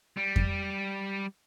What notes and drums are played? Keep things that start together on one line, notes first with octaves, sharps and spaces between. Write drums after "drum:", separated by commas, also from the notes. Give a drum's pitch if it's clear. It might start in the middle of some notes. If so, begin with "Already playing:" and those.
G3
drum: kick F2